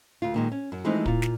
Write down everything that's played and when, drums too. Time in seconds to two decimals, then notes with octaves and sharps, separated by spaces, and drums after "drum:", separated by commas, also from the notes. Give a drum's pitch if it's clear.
0.22 D2 F4
0.34 A#2 D#3 G#3
0.52 C#4
0.72 F#2
0.84 E3 F3 G#3 A3 C4 D#4
1.06 A#2 F4, drum: kick
1.22 drum: snare